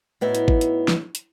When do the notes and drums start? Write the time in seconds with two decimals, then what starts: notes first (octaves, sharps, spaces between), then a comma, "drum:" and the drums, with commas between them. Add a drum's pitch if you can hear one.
0.21 A2 B3 D#4 E4 F#4
0.35 drum: hi-hat
0.48 drum: kick G#1
0.61 drum: hi-hat
0.88 drum: snare
1.15 drum: hi-hat